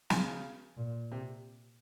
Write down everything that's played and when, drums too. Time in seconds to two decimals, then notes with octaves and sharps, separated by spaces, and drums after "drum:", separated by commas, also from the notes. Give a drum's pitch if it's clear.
0.10 C#3, drum: snare
0.77 A#2
1.12 C3